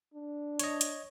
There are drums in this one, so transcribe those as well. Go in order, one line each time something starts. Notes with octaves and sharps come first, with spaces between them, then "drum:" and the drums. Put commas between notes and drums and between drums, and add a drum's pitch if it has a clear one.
D4
C#5 D#5, drum: hi-hat
drum: hi-hat